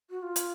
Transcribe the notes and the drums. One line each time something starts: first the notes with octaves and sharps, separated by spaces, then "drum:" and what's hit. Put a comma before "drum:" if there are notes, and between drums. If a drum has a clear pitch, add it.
F#4
F4
drum: hi-hat